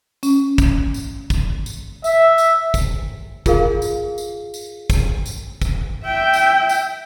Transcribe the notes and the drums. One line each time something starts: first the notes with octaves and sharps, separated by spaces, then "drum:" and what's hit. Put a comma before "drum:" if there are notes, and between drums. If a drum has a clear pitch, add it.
C#4, drum: tambourine
drum: kick, tambourine
drum: tambourine
drum: kick, tambourine
drum: tambourine
E5, drum: tambourine
drum: tambourine
drum: kick, tambourine
F4 G#4 A#4 F5, drum: kick, tambourine
drum: tambourine
drum: tambourine
drum: tambourine
drum: kick, tambourine
drum: tambourine
drum: kick, tambourine
E5 G5
drum: tambourine
drum: tambourine